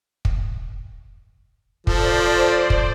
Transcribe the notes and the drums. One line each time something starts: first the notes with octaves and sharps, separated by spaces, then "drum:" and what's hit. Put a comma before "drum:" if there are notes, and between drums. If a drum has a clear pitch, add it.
drum: kick
F3 A4 C5 D5, drum: kick
drum: kick